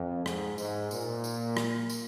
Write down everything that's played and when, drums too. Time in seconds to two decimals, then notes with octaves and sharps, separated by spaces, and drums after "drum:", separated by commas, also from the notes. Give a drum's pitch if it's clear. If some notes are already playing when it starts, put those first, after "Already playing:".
Already playing: F2
0.26 G#2, drum: rim click
0.58 G#2, drum: tambourine
0.91 A#2, drum: tambourine
1.24 drum: tambourine
1.57 drum: rim click
1.89 drum: tambourine